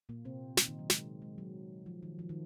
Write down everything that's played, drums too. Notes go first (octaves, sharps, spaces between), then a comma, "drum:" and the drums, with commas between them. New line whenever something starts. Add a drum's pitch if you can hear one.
A#2 A#3
C3 C4
D#3 D#4, drum: snare
D#3 D#4
F#3
G#3, drum: snare
G#3
F#3
F3
D#3
F3
D#3